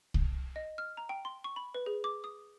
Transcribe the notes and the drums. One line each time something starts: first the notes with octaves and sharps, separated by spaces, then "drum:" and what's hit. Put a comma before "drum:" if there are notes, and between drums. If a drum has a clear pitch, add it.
drum: kick C2
D#5
F6
A#5
G5
C6
C#6
B5
B4
G#4
D6
D#6